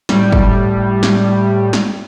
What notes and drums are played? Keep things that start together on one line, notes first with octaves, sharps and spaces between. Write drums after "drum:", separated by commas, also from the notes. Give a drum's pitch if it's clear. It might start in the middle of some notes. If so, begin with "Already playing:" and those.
A2 G3, drum: snare
drum: kick
drum: snare
drum: snare